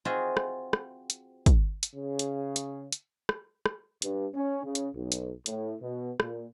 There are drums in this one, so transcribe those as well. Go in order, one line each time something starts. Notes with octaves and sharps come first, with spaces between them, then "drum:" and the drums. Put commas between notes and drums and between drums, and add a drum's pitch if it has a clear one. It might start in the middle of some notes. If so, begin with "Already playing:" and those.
C4 F4 F#4 G#4 D#5 E5
drum: rim click
drum: rim click
drum: hi-hat
drum: kick, hi-hat
drum: hi-hat
C#3
drum: hi-hat
drum: hi-hat
drum: hi-hat
drum: rim click
drum: rim click
G2, drum: hi-hat
C#4
C#3
drum: hi-hat
B1
drum: hi-hat
A2, drum: hi-hat
B2
A#2, drum: rim click